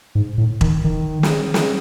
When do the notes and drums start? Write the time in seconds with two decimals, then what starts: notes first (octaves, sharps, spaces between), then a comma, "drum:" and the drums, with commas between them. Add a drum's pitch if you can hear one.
0.15 G#2
0.38 A2
0.61 D#3, drum: kick E1
0.84 D#3
1.23 drum: snare
1.54 drum: snare